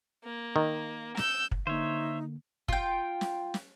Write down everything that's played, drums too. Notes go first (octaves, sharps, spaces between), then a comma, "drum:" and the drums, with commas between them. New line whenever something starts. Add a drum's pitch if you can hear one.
A#3
D#3
E6 G6, drum: snare
drum: kick
D3 A#3 D#4 C5 C#5 E5
F4 G5, drum: kick
drum: snare
drum: snare